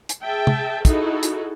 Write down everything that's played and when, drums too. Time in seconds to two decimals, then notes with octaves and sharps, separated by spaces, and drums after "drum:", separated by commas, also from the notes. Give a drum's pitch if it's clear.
0.09 drum: hi-hat
0.24 G#4 E5 G5 A5
0.47 drum: tom C3
0.85 D#4 E4 F#4 G#4 A4, drum: kick, hi-hat
1.23 drum: hi-hat